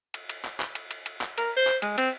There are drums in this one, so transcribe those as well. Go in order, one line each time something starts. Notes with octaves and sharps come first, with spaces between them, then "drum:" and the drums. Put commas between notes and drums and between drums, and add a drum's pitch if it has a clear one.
drum: cymbal
drum: cymbal
drum: clap
drum: clap
drum: cymbal
drum: cymbal
drum: cymbal
drum: clap
A#4, drum: cymbal
C5
drum: clap
G#3, drum: cymbal
C4, drum: cymbal